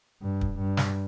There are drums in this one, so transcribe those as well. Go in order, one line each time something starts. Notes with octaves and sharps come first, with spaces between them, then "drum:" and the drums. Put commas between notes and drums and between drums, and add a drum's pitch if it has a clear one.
G2
drum: kick
G2
drum: snare